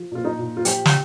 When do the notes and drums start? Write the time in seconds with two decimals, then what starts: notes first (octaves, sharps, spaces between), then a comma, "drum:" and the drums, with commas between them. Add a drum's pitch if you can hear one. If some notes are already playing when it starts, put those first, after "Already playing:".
Already playing: F3
0.12 A#2 F4
0.25 D#4
0.39 A#2
0.57 F4
0.65 F3 G4, drum: hi-hat
0.86 drum: snare